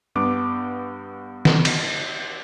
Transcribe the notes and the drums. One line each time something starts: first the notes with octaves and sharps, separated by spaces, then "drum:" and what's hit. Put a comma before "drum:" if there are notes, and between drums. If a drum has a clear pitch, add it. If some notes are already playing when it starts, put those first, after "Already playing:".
G2 B3 D6
drum: snare
drum: cymbal